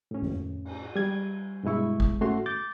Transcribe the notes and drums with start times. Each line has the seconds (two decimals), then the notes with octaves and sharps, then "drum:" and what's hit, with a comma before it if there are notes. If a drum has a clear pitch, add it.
0.11 A2 C#4
0.22 drum: tom F2
0.65 drum: cymbal
0.96 G3 G#6
1.63 G2 B2 G#3 E4 C#6
2.00 drum: kick
2.21 A2 A3 C#4 F#4 C6
2.46 D6 G6 A6